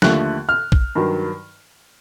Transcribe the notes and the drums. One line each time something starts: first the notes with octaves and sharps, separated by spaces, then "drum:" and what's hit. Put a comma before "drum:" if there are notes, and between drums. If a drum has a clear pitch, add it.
D#2 D3 F3 A3 F#6, drum: snare
F6
drum: kick A#1
G2 D#3 F#3